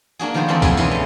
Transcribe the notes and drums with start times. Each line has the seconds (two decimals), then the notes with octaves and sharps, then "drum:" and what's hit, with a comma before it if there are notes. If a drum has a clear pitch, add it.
0.19 A#3 D4 F#4 G#4
0.34 D#3 F3 B3 F#4 C5
0.48 E2 A#3 C4 A4 C5 B5
0.62 F2 D4 G4 G#5 C6, drum: kick, tambourine
0.77 E2 B2 E3 C#4 C6, drum: tambourine
0.91 A3 C6